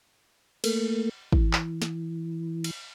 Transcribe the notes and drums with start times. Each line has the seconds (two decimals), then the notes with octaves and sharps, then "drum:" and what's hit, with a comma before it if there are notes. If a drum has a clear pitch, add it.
0.64 A3 A#3, drum: cymbal
1.32 E3, drum: kick
1.53 drum: clap
1.82 drum: snare
2.64 drum: cymbal